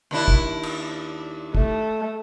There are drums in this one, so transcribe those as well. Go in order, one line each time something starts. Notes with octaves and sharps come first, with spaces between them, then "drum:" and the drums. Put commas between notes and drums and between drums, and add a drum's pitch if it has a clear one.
D#2 D4 E4
drum: kick
drum: cymbal
A3, drum: kick